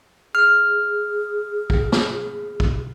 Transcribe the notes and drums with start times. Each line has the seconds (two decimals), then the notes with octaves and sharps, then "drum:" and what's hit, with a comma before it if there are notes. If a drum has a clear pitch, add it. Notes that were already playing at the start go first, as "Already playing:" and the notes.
0.35 G#4 F6
1.70 drum: kick
1.92 drum: snare
2.60 drum: kick